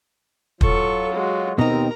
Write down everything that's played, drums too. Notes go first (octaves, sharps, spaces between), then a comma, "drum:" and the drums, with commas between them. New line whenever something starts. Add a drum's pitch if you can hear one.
F#3 F4 A4 C#6, drum: kick
G#3 F#4
D#2 B2 C4 D#4 A#4 A#5